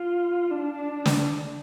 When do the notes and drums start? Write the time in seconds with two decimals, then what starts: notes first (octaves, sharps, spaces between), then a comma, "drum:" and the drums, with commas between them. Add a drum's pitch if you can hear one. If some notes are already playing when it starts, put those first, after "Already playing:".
Already playing: F4
0.50 D4
1.05 drum: snare